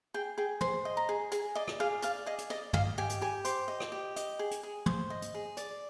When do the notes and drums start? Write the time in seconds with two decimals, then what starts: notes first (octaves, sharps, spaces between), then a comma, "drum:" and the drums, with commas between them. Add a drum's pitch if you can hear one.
0.14 G#4 G5
0.38 G#4 G5
0.61 C5, drum: tom
0.85 D#5
0.97 A#5
1.09 G#4
1.32 G#4 G#5, drum: hi-hat
1.55 D5 D#5
1.68 drum: rim click
1.80 G#4 F5
2.02 D5 F5, drum: hi-hat
2.26 G#4 D#5
2.38 drum: hi-hat
2.50 D5 D#5
2.73 D#5 F5, drum: tom
2.98 G4 G#5
3.09 drum: hi-hat
3.22 G4 G#5
3.45 C5 D6, drum: hi-hat
3.68 D#5
3.80 drum: rim click
3.92 G4
4.16 D#5, drum: hi-hat
4.39 G#4
4.51 drum: hi-hat
4.63 G#4
4.86 C5, drum: tom
5.10 D#5
5.22 drum: hi-hat
5.34 G#4
5.57 D5, drum: hi-hat